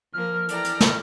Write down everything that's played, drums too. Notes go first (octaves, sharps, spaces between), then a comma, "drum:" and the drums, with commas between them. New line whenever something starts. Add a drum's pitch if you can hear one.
F3 A#3 F6
E3 A4 D5 G5 A#5, drum: hi-hat
drum: hi-hat
drum: snare